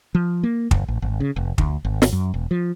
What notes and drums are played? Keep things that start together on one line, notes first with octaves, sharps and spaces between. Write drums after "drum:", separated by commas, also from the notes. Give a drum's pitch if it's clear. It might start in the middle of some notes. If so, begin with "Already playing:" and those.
F3
A#3
F#1, drum: kick
A1
G#1
C#3
F1
D2, drum: kick
G#1
drum: snare
F#2
E1
F3